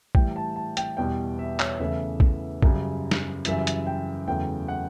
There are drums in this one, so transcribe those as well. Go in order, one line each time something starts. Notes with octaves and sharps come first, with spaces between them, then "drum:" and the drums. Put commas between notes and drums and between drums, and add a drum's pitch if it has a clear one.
A2 E3 G3 G5, drum: kick A#1
A5
A5
G5, drum: hi-hat
E2 B2 G3 G5
E5
C#5, drum: clap
E2 C#3 E3 A3 E5
drum: kick A#1
F#2 C#3 G3, drum: kick A#1
drum: snare
F#2 C#3 E3 G3 E5, drum: hi-hat
drum: hi-hat
G5
E2 C#3 F#3 A3 G5
F#5